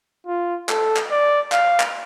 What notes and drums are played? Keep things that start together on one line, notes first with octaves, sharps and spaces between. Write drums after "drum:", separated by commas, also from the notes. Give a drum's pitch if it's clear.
F4
A4, drum: clap
drum: clap
D5
F5, drum: clap
drum: clap